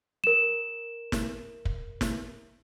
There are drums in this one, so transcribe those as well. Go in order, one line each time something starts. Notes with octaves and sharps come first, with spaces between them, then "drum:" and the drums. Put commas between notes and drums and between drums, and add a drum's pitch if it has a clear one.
A#4 E7
drum: snare
drum: kick
drum: snare